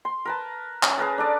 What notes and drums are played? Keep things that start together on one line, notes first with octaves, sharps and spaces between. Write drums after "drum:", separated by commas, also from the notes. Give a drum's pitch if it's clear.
C6
A#4 B4 A5
C#4, drum: clap
G#4 A#4 B4 A5
D4 A4 D5